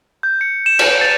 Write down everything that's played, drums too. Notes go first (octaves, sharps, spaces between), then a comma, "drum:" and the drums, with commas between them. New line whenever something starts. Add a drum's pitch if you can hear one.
G6
C#7
E7
drum: cymbal
A6